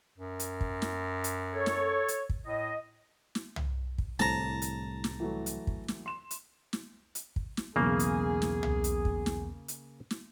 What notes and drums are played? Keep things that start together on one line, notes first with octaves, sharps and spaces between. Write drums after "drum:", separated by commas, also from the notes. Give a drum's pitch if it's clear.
F#2
drum: hi-hat
drum: kick
drum: snare
drum: hi-hat
A4 C#5
drum: snare
drum: hi-hat
drum: kick
A2 D#5
drum: snare
drum: tom
drum: kick
C2 A2 D3 C5 A5 A#5, drum: snare
drum: hi-hat
drum: snare
E3 F#3 A3
drum: hi-hat
drum: kick
drum: snare
C6 E7
drum: hi-hat
drum: snare
drum: hi-hat
drum: kick
drum: snare
B1 E2 C#3 A#3 G#4
drum: hi-hat
drum: snare
drum: tom
drum: hi-hat
drum: kick
drum: snare
drum: hi-hat
drum: snare